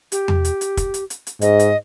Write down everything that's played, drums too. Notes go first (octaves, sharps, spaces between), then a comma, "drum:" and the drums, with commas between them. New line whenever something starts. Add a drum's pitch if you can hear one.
G4, drum: hi-hat
drum: tom E2
drum: hi-hat
drum: hi-hat
drum: kick, hi-hat
drum: hi-hat
drum: hi-hat
drum: hi-hat
G#2 D#5, drum: hi-hat
drum: hi-hat